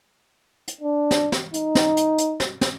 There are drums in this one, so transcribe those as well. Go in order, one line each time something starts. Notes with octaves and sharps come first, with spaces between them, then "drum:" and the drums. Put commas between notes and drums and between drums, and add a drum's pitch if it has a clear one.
drum: hi-hat
D4
drum: snare
drum: snare
D#4, drum: hi-hat
drum: snare
drum: hi-hat
drum: hi-hat
drum: snare
drum: snare